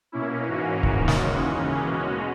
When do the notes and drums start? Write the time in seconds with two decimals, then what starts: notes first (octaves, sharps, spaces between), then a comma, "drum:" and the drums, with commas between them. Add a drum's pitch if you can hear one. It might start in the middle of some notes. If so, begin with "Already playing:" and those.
0.12 B2 A#3 C#4 E4
0.48 G#2 E3 A#3 C#4 F#4
0.83 G#2 D#3 A#3 C#4 F#4, drum: kick C#1
1.08 drum: snare
1.19 D#2 C#3 E3 G#3 C#4 F#4
1.55 C#3 E3 A#3 C#4
1.90 B2 G#3 C#4 F#4